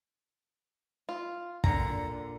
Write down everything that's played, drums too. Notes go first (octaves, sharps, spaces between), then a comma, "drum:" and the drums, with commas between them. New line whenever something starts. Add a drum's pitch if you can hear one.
F4
A#2 D3 A#5, drum: kick